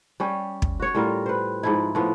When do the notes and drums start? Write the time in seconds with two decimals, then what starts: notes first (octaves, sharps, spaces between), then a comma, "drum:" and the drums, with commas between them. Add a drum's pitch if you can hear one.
0.20 G3 C#4 G4
0.62 drum: kick
0.80 F#4 C#5
0.95 A2 G3 F4 A#4
1.26 B4 C5
1.63 G#2 F3 E4
1.95 A2 F3 B3